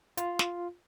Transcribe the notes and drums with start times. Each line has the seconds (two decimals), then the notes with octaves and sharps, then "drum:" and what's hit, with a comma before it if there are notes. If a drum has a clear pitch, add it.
0.17 F4, drum: hi-hat
0.39 drum: snare